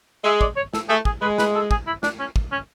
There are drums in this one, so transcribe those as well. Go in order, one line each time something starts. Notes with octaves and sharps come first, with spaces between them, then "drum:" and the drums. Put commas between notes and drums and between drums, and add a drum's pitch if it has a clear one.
G#3 E5
D5, drum: kick
C#5
A4, drum: snare
A3 G#4
G#4, drum: kick
G#3 B4
B4, drum: snare
A4
G#4, drum: kick
E4
D4, drum: snare
C#4
drum: kick
C#4